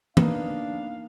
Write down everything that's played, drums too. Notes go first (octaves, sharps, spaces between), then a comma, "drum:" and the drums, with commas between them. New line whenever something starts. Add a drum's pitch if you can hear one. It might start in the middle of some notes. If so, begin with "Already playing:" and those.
A#3 B3 D4 D#4 F5, drum: tom